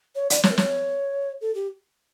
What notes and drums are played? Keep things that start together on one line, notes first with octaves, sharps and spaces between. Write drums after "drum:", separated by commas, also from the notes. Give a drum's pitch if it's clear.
C#5
D5, drum: hi-hat
C#5, drum: snare
A#4
C#5, drum: snare
A4
G4